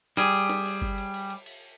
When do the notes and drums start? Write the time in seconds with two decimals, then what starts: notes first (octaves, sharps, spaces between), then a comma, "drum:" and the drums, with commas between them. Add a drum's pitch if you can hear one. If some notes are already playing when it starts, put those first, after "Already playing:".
0.17 G3 G#4, drum: snare
0.33 drum: cymbal
0.50 drum: snare
0.66 drum: cymbal
0.82 drum: kick G1
0.98 drum: cymbal
1.14 drum: cymbal
1.30 drum: cymbal
1.46 drum: cymbal